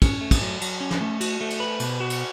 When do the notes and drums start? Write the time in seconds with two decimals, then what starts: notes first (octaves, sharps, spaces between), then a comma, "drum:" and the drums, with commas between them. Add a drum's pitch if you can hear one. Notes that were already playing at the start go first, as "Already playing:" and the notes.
0.02 C#4, drum: kick, cymbal
0.21 A3
0.31 drum: kick, cymbal
0.42 F#3
0.61 F#3, drum: cymbal
0.80 C#4
0.91 drum: snare
1.01 A3
1.21 F#4, drum: cymbal
1.41 A3
1.50 drum: cymbal
1.60 B4
1.80 B2, drum: cymbal
2.00 F#4
2.10 drum: cymbal